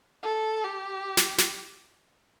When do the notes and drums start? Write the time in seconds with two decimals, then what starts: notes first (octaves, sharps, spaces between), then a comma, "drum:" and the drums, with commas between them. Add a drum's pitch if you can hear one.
0.23 A4
0.64 G4
1.17 drum: snare
1.38 drum: snare